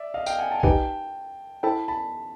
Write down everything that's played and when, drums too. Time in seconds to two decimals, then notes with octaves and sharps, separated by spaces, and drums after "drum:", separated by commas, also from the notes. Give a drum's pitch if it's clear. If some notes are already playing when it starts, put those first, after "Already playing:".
Already playing: D5 E5
0.14 D#5 F5
0.26 F5 G5, drum: tambourine
0.38 F#5 G#5
0.51 G5 A5
0.60 G#5
0.63 D#4 G4 B4 D#5 G5 A5, drum: kick B1
1.63 E4 A4 C5 E5 G5 A5 B5
1.88 A5 B5